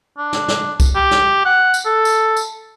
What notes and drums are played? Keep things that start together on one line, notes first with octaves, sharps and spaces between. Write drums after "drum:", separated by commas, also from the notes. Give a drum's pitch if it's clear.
D4
drum: snare
drum: snare
drum: kick C2, tambourine
G4
drum: snare
F#5
drum: tambourine
A4
drum: tambourine
drum: tambourine